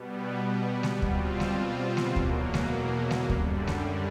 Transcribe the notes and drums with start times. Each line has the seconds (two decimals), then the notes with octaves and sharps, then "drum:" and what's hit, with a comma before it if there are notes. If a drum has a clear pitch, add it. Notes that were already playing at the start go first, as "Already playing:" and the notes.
Already playing: B2 G3 B3
0.83 drum: snare G#3
1.02 B2 G3 C4 F4, drum: kick D2
1.40 drum: snare G#3
1.97 drum: snare G#3
2.16 E2 B2 F#3 A#3, drum: kick D2
2.54 drum: snare G#3
3.11 drum: snare G#3
3.29 F#2 D3 G3, drum: kick D2
3.67 drum: snare G#3